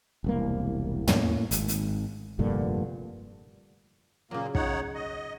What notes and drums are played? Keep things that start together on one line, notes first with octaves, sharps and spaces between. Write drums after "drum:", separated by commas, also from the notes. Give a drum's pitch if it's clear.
E1 C2 A#3
A2 A#3 C#4, drum: tom
G#1, drum: hi-hat
drum: hi-hat
F1 G2 A#2 D3
A#2 C#3 F#3 A#3
D#4 C#5 F#5, drum: kick
D#5